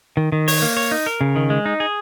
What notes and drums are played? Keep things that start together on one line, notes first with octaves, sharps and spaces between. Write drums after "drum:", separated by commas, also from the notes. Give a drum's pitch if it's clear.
D#3
D#3
C#5, drum: open hi-hat
A#3
C#5
D#4
A#4
C#3
D#3
G#3
D#4
G#4